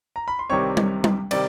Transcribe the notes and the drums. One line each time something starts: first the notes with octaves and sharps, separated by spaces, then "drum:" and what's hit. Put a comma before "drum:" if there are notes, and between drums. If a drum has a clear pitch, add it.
A#5
B5
C6
C2 C3 D#3 G3 C4 C#5 C#6
drum: tom G3
drum: tom G3
C3 D#3 G3 C4 D5 D6, drum: cymbal